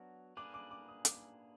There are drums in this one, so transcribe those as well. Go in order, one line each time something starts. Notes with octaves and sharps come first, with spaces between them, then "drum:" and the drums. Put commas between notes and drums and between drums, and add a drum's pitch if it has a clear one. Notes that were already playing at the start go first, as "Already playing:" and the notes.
Already playing: F#3 B3 D4 F#4 A#4
A#3 D4 G#4 B4 D6
D6
D6
D#6
D6, drum: hi-hat